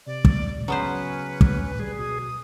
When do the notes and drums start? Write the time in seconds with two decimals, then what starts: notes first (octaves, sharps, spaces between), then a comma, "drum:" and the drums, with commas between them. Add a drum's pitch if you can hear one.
0.06 C3 D5
0.25 drum: kick
0.68 C#3 F#3 B3 C#4 B4 C5
1.41 drum: kick
1.80 G3 G#4
1.99 B2 D#6